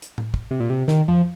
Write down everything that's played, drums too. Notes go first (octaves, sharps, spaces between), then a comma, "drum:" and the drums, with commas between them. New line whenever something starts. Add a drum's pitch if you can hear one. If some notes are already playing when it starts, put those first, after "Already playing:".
drum: hi-hat
drum: tom A2
drum: kick
C3
A#2
C3
D#3, drum: snare
F3, drum: tom F2